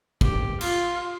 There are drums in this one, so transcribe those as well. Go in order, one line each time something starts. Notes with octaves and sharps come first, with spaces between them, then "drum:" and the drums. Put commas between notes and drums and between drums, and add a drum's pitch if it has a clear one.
G4, drum: kick
F4, drum: cymbal